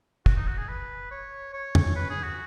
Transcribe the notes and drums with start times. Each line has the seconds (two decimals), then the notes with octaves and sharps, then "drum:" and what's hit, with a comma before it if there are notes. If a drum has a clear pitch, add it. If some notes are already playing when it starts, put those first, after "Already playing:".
0.26 F#4, drum: kick
0.36 D#4
0.48 F#4
0.58 G#4
0.68 B4
1.11 C#5
1.53 C#5
1.75 drum: tom
1.96 B4
2.10 G#4
2.23 F#4